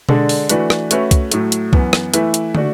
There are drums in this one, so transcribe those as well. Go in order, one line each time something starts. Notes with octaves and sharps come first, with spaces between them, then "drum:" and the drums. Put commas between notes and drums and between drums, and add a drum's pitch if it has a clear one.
D3 G#3 D4 A4, drum: tom B2
drum: open hi-hat
E3 A3 D4 F#4 B4, drum: hi-hat
drum: rim click
A3 C#4 F#4 B4 E5, drum: hi-hat
drum: kick, hi-hat
A2 F#3 A3, drum: hi-hat
drum: hi-hat
F#2 E3 B3, drum: kick
drum: rim click
E3 A3 E4 B4, drum: hi-hat
drum: hi-hat
A3 D4 F#4, drum: tom